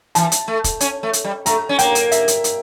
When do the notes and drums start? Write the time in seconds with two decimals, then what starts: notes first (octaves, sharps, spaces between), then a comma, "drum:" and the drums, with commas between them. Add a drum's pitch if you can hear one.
0.15 E3 A5, drum: hi-hat
0.32 drum: hi-hat
0.48 A3
0.64 drum: kick E1, hi-hat
0.80 C#4, drum: hi-hat
1.03 A3
1.13 drum: hi-hat
1.24 G3
1.46 A3 A#5, drum: hi-hat
1.69 C#4
1.79 A#3 G5, drum: hi-hat
1.95 drum: hi-hat
2.12 E5, drum: hi-hat
2.28 drum: hi-hat
2.44 drum: hi-hat